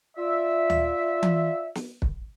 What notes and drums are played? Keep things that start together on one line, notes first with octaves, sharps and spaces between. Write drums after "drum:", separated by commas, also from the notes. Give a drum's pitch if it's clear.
F4 D5 E5
drum: tom D2
drum: tom E3
drum: snare
drum: kick